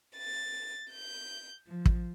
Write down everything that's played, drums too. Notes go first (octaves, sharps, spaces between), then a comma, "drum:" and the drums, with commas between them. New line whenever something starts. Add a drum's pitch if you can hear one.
A6
G6
F3
drum: kick